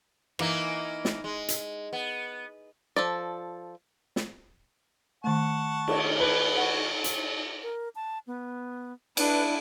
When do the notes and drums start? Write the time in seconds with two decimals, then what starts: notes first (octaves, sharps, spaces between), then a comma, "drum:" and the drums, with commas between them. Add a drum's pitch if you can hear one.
0.39 E3 A#3 D#4, drum: rim click
1.05 drum: snare
1.24 G#3
1.48 drum: hi-hat
1.93 B3
2.96 F3 A4 D5
4.16 drum: snare
5.24 D#3 A3 F#5 A5 C#6
5.88 drum: cymbal
6.20 B4
6.57 F#4 F#5
7.04 drum: hi-hat
7.63 A#4
7.95 A5
8.27 B3
9.17 D4 E4 B4, drum: cymbal